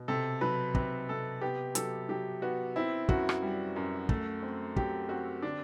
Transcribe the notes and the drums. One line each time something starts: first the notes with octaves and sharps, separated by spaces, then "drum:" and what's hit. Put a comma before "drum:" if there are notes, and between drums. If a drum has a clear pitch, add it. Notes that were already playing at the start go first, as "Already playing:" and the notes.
Already playing: B2
C3 A4
F#3 B4
C3 B4, drum: kick
C3 A4
B3 G4
F#3 A4, drum: hi-hat
F#3 G4
B3 F#4
C4 E4
F#2 F#4, drum: kick
drum: rim click
G3
F#2
A3, drum: kick
C4
F#3 G4, drum: kick
C4 F#4
D3 D4